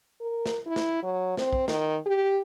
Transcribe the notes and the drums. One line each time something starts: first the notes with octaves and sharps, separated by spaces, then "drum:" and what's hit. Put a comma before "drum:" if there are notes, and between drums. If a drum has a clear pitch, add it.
A#4
drum: snare
E4
drum: snare
F#3
C4, drum: snare
drum: kick
D#3, drum: snare
G4